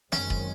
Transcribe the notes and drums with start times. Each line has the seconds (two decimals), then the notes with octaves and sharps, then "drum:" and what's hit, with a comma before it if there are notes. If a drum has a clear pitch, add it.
0.12 F#2 D#3 G#3 C4 C#4, drum: snare
0.30 drum: kick